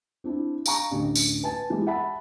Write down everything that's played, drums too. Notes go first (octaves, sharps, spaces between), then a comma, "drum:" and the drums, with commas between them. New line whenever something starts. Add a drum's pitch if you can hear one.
C4 D4 E4
F5 G5 G#5 A#5 C#6, drum: tambourine
A1 D2 D3
drum: tambourine
B4 G#5 A5
E3 G#3 G4
E5 F#5 A5 B5